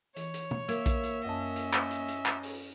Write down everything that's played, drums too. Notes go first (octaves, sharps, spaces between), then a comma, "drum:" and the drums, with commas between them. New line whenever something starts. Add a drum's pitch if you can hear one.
E3 C#5, drum: hi-hat
drum: hi-hat
drum: tom
A#3 A#4 E5 G#6, drum: hi-hat
drum: kick A#1, hi-hat
drum: hi-hat
F#2 C#4 A#4 D#5 A5
drum: hi-hat
drum: clap
drum: hi-hat
drum: hi-hat
drum: clap
drum: open hi-hat